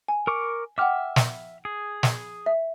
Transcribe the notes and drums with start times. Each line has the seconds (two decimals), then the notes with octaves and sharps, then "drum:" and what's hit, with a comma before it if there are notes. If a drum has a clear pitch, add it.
0.08 G#5
0.27 A#4 C#6 D6
0.78 E5 F#5 G5 D6 F6
1.16 drum: snare
1.65 G#4
2.03 drum: snare
2.46 E5